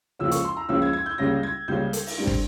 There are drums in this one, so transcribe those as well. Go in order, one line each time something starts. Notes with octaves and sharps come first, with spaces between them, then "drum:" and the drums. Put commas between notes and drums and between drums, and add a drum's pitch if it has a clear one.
C#2 C#3 F3 A#3 C#4 E6
C#6, drum: hi-hat
C6
A#5
C#2 C#3 F3 A#3 C#4 E6
G#6
G#6
G6
C#2 C#3 G3 A#3 C#4 A#6
G#6
C#2 C#3 G3 A#3 C#4 G6
drum: hi-hat
drum: open hi-hat
G2 G3 C4
drum: kick